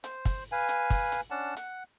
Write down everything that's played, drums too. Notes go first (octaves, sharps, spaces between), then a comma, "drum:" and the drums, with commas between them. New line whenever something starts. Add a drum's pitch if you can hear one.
C5, drum: hi-hat
drum: kick, hi-hat
B4 F5 G#5
drum: hi-hat
drum: kick, hi-hat
drum: hi-hat
C#4 D4 F#5 A5
F#5, drum: hi-hat